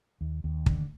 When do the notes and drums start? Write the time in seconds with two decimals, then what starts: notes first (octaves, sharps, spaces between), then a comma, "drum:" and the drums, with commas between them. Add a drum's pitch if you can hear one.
0.21 D#2
0.44 D#2
0.66 D3, drum: kick